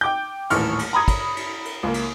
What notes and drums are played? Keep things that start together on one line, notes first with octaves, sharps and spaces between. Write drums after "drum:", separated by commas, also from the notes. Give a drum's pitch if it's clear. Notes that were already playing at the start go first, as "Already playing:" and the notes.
G5 D6 G6
D#1 A1 A2 C#6 F6, drum: cymbal
drum: cymbal
A#5 B5 D#6 G#6
drum: kick, cymbal
drum: cymbal
drum: cymbal
C#2 A#3
drum: cymbal